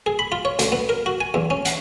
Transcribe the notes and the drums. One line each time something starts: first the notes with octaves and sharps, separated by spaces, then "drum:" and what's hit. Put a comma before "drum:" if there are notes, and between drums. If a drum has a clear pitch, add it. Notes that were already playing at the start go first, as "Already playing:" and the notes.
G#4
B5
F4
C#5
D2, drum: hi-hat
B3
A#4
F#4
G#5
E2
C#4
F#5, drum: hi-hat